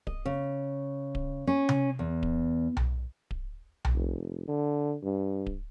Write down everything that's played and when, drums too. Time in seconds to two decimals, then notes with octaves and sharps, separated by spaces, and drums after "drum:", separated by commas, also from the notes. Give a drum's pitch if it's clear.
0.07 D#5, drum: kick D1
0.25 C#3
1.15 drum: kick D1
1.47 C#4
1.69 drum: tom C3
1.99 E2
2.23 drum: kick D1
2.77 drum: tom B1
3.31 drum: kick D1
3.85 drum: tom B1
3.95 F1
4.47 D3
5.03 G2
5.46 drum: kick D1